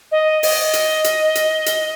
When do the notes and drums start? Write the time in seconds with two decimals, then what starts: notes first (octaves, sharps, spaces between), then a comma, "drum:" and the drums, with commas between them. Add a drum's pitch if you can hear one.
0.12 D#5
0.43 D#5, drum: open hi-hat
0.73 drum: hi-hat
1.04 drum: hi-hat
1.35 drum: hi-hat
1.66 drum: hi-hat